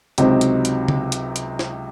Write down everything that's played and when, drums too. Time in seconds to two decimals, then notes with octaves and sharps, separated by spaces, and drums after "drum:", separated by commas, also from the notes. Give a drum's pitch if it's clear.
0.18 C#2 C3 F#3 C4 D#4, drum: hi-hat
0.41 drum: hi-hat
0.65 drum: hi-hat
0.88 drum: tom C#3
1.12 drum: hi-hat
1.36 drum: hi-hat
1.59 drum: snare